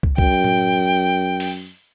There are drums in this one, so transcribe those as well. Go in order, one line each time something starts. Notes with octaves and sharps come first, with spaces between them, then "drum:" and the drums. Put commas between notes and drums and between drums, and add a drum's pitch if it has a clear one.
drum: kick
F#2 G5, drum: kick
drum: tom A2
drum: open hi-hat